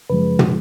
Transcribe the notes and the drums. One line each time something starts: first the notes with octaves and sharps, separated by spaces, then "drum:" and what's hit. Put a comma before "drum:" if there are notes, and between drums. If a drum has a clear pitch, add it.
F#2 C#3 F3 G#3 B4
drum: tom